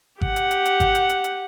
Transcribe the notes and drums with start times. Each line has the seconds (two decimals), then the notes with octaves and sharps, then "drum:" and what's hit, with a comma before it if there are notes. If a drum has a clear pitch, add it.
0.21 G4 F#5, drum: kick G#1
0.36 drum: hi-hat
0.51 drum: hi-hat
0.65 drum: hi-hat
0.80 drum: kick G#1, hi-hat
0.95 drum: hi-hat
1.09 drum: hi-hat
1.24 drum: hi-hat